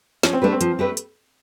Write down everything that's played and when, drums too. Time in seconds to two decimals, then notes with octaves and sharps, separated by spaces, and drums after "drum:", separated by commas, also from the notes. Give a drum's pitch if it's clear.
0.23 F3 C#4, drum: snare
0.33 C4
0.42 A3 D4 G4 B4
0.52 C4
0.61 F3, drum: hi-hat
0.79 A3 D4 G4 B4
0.97 drum: hi-hat